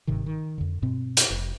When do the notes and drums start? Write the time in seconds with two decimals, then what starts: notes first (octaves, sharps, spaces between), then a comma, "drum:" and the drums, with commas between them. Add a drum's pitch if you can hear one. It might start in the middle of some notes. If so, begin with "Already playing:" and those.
0.07 G1 G#2 C3 D#3
0.26 D#3
0.58 F2 D3
0.82 G2 B2 C4
1.17 drum: hi-hat
1.30 F1